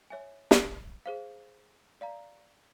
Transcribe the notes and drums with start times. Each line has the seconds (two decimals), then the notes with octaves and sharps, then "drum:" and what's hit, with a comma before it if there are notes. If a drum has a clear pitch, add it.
0.10 C#5 E5 G#5
0.51 drum: snare
1.06 G#4 C5 F5
2.01 D5 F5 A#5